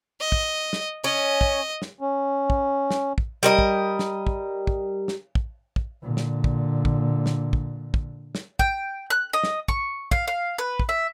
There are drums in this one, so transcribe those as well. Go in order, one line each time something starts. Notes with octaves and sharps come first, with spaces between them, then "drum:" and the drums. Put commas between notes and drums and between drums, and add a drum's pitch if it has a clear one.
D#5
drum: kick
drum: snare
C#4 D#5
drum: kick
drum: snare
C#4
drum: kick
drum: snare
drum: kick
G3 A#4 D#5
drum: kick
drum: snare
drum: kick
drum: kick
drum: snare
drum: kick
drum: kick
A#2 D3
drum: snare
drum: kick
drum: kick
drum: snare
drum: kick
drum: kick
drum: snare
G5, drum: kick
F#6
D#5
drum: snare
C#6, drum: kick
F5, drum: kick
F5
B4
drum: kick
E5